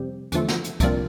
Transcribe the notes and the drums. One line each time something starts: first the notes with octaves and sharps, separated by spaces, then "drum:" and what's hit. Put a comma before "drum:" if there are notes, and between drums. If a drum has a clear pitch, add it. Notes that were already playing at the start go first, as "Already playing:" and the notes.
Already playing: F2 C3 G3 C4
E2 D3 F3 A3, drum: hi-hat
drum: snare
drum: hi-hat
C2 C3 F3 A#3 D4, drum: kick C2, hi-hat